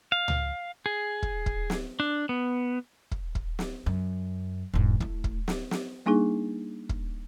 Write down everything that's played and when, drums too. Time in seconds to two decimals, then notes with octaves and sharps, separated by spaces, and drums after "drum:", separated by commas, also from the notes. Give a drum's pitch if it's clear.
0.12 F5
0.28 drum: tom C#2
0.86 G#4
1.22 drum: kick
1.46 drum: kick
1.70 drum: snare
2.00 D4
2.29 B3
3.11 drum: kick
3.35 drum: kick
3.59 drum: snare
3.86 F#2
4.74 E1 G#2
5.00 A3 E4, drum: kick
5.24 drum: kick
5.48 drum: snare
5.71 drum: snare
6.06 G3 A#3 D4 D#4 G#4
6.89 drum: kick